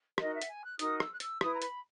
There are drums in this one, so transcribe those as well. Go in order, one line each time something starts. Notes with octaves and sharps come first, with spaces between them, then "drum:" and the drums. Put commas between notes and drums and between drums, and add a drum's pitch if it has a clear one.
D#4 F#4 A#4 D#5, drum: rim click
E5
F#5, drum: hi-hat
G#5
F#6
D#4 F#4 A#4 D#6, drum: hi-hat
E6, drum: rim click
F#6
E6, drum: hi-hat
E4 B4 D#6, drum: rim click
A#5
B5, drum: hi-hat